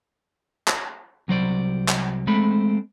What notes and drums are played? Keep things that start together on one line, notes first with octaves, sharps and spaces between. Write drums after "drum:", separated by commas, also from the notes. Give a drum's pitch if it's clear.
drum: clap
C2 F#3 C5 D5
drum: clap
G#3 A3 C4 B5